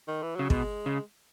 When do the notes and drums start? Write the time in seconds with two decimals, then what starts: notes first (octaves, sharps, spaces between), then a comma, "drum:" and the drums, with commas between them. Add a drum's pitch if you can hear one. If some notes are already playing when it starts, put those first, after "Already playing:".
0.08 D#3
0.22 E3
0.36 C#3 F#3
0.50 B2 G#3, drum: kick
0.86 C#3